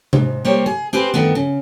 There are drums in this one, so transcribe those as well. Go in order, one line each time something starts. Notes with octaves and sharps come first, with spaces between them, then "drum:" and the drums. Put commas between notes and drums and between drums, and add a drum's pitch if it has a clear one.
G#2, drum: tom C3
G3 A#3 G4 C5 C#5
G#4
C4 G4 G#4 B4 C5
G2 D#3 A3 B3
C#3